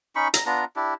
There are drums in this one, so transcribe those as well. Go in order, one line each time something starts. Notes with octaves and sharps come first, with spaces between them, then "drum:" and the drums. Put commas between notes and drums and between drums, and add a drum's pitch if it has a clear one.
C#4 D#4 B5 C#6
A#5, drum: hi-hat
B3 D4 F4 A#5
D4 E4 G4